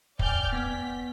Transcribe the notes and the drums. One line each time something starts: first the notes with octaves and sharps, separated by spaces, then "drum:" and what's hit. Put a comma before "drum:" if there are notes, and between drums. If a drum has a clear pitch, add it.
D5 G5 G#5 F6 G6, drum: kick
B3 B6